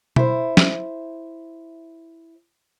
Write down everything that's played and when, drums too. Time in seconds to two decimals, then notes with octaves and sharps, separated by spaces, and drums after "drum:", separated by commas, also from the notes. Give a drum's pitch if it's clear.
0.16 E4 C5, drum: tom B2
0.57 drum: snare